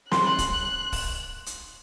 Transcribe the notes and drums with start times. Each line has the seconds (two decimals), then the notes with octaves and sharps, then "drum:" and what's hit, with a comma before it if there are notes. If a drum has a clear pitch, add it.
0.12 C6 F#6, drum: snare
0.39 drum: kick, hi-hat
0.92 drum: kick, open hi-hat
1.46 drum: hi-hat